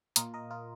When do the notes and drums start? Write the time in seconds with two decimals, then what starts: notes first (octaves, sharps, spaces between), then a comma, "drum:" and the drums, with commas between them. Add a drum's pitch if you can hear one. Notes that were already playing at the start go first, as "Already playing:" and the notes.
0.16 A#2 A#3 F4 A#4 D#5, drum: hi-hat
0.34 A#4 D#5
0.51 F4 A#4